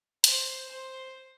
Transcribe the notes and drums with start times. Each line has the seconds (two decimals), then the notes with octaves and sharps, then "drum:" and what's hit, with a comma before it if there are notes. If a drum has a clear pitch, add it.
0.24 C5, drum: hi-hat
0.68 C5